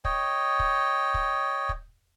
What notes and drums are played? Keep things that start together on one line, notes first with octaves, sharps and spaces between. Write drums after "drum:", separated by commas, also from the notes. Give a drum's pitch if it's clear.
C#5 D#5 G5, drum: kick
drum: kick
drum: kick
drum: kick